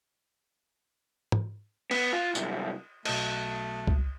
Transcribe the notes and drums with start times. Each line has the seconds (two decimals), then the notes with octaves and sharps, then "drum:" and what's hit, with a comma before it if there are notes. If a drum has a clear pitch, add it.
1.32 drum: tom
1.91 B3, drum: cymbal
2.13 F4
2.35 C2 F#2, drum: tambourine
3.05 B1 A3 D#5, drum: cymbal
3.87 drum: kick C#2